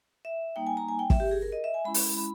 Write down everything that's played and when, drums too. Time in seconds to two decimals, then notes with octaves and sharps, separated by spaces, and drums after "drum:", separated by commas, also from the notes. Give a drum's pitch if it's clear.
0.25 E5
0.56 G3 A#3 D#4 G5
0.67 G#5
0.77 A#5
0.89 G#5
0.99 G5
1.10 E5, drum: kick
1.20 G4
1.31 G#4
1.42 A#4
1.52 D#5
1.64 E5
1.74 G#5
1.85 G#3 C#4 E4 B5
1.94 drum: open hi-hat
2.17 B5